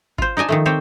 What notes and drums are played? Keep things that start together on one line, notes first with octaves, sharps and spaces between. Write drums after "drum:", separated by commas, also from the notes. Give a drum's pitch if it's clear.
F4 C5, drum: kick
D#4 D5 D#5 G#5 A5
D#3 F3 A3
C4 G4 C5 C#5